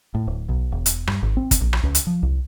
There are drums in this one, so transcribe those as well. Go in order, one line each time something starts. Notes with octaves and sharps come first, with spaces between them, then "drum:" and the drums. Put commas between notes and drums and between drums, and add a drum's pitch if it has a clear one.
A2
D1
B1
E1
drum: hi-hat
G2, drum: rim click
G#1
C4
drum: kick, hi-hat
A#1
drum: rim click
C#2
drum: hi-hat
F3
C2